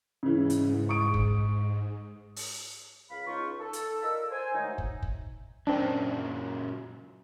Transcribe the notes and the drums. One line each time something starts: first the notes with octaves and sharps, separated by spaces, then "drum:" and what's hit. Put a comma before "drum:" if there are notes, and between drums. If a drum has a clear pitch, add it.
G#2 C#3 E3
drum: hi-hat
C#6 D#6 D7
drum: kick
drum: open hi-hat
C#2 F5 B5
C#2 D#4 F4 C#6
A4
drum: hi-hat
F4 A#4 D5 D#5 E6
C5 G#5
D#3 F#3 G#3 A3 D#4
drum: kick
drum: kick
F#2 A#2 C4 D4